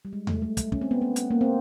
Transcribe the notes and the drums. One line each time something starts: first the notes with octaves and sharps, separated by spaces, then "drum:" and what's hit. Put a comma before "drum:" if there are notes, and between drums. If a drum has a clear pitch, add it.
G3
G#3
A3, drum: tom E2
A3
drum: kick, hi-hat
C#4, drum: kick
C4
B3
B3
drum: hi-hat
A#3
C4